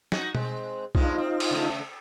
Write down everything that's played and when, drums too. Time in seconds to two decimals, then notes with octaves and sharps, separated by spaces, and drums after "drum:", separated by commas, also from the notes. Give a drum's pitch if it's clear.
0.12 D#4 F#4, drum: snare
0.35 G#3 C4, drum: tom B2
0.95 G2 G#3 C4 D#4 F4, drum: kick B1
1.18 C4
1.40 drum: cymbal
1.51 C#3 A3